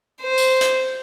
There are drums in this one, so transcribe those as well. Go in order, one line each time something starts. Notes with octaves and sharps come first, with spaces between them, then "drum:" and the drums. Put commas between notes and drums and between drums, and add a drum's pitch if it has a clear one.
C5
drum: tambourine
drum: hi-hat